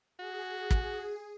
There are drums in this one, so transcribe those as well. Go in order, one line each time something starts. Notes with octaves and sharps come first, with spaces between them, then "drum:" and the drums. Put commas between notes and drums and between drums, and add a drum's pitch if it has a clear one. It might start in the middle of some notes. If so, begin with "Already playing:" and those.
F#4 G#4
drum: kick